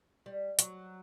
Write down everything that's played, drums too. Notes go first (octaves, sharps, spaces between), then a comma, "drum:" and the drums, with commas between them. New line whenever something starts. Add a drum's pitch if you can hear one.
G3
F#3, drum: hi-hat